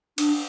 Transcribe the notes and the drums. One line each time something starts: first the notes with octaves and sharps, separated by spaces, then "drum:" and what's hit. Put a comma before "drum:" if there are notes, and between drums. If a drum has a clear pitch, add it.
D4, drum: cymbal